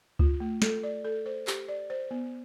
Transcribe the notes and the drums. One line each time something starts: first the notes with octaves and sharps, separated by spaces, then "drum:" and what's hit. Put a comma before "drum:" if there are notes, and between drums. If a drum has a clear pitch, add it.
F4, drum: kick C#2
A3
A4, drum: snare
D5
A4
C5
G4, drum: clap
D5
C5
B3